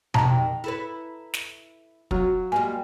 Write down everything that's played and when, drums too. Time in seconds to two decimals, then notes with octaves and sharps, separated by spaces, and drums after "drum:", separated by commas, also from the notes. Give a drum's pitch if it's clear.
0.14 F2 C3 D#3 A5 A#5, drum: tom B2
0.64 E4 A4 B4
1.34 drum: snare
2.11 F#3 F4, drum: kick
2.52 G3 G#3 A#3 G#5